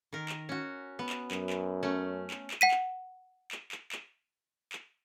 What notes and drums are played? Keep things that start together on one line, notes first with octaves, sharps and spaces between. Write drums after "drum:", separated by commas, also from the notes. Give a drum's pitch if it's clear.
D#3 A#4
drum: clap
C#4 F#4
B3
drum: clap
F#2, drum: clap
drum: clap
A3 C#4
drum: clap
drum: clap
F#5 B6 D#7
drum: clap
drum: clap
drum: clap
drum: clap
drum: clap